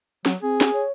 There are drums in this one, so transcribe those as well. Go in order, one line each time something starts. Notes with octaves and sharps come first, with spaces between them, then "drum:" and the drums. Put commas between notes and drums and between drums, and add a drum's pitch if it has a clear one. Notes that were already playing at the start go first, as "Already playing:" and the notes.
F#3, drum: snare
C4 G#4
drum: snare
C#5